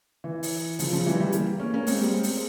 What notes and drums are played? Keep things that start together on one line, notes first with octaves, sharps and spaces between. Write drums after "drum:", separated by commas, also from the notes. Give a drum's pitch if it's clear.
E3
drum: open hi-hat
C#3 F3, drum: open hi-hat
C#3 F3
E3 G3
E3 G3
G3 A#3, drum: hi-hat
A#3 C#4
A#3 C#4
G#3 C4, drum: open hi-hat
G3 A#3
G#3 C4
drum: open hi-hat